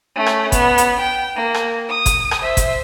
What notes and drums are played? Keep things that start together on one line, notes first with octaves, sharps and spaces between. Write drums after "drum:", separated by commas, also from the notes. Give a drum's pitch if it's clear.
A3 C#4
drum: rim click
B3, drum: kick G1, hi-hat
drum: hi-hat
G5
A#3
drum: rim click
D#6
drum: kick G1, hi-hat
drum: rim click
C5 E5
drum: kick G1, hi-hat